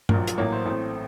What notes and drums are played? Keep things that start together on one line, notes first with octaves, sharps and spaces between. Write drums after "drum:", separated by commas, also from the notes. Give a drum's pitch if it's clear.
A#1 A#2 F#3 A#4, drum: tom G2
drum: hi-hat
A1 A2 F#3 A#3 C#5
C5
A1 A2 A3 C4